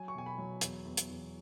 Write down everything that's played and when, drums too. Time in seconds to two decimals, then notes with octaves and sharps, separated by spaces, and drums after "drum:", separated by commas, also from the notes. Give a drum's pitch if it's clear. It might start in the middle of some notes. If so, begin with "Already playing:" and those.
Already playing: F#3 G#5
0.08 C#6
0.15 B2 G#5
0.26 B5
0.38 F#3
0.61 E2, drum: hi-hat
0.85 E2
0.97 drum: hi-hat
1.09 E2